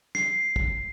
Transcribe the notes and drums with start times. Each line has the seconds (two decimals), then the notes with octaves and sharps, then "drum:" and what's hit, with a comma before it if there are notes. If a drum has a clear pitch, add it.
0.15 C7, drum: snare
0.56 drum: kick